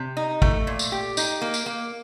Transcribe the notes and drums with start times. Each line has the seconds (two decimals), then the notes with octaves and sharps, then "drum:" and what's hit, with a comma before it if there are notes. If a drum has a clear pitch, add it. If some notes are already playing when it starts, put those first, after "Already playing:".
Already playing: C3
0.17 D#4
0.42 A3, drum: kick
0.67 A#2
0.79 drum: tambourine
0.92 G4
1.17 D#4, drum: tambourine
1.41 A#3
1.54 drum: tambourine
1.66 A#3